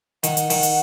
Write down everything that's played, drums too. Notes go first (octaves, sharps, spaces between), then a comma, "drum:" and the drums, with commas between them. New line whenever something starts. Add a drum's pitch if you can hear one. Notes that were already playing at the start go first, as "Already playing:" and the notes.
D#3 F#5, drum: hi-hat
drum: hi-hat
D#3, drum: open hi-hat
drum: hi-hat